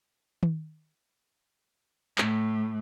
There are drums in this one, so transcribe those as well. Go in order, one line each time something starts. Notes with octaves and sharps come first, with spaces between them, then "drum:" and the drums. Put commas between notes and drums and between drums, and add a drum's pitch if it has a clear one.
drum: tom D#3
A2, drum: clap